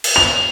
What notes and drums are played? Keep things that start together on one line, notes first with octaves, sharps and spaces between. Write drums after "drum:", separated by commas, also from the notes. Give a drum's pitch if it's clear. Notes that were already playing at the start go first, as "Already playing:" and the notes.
drum: cymbal
F7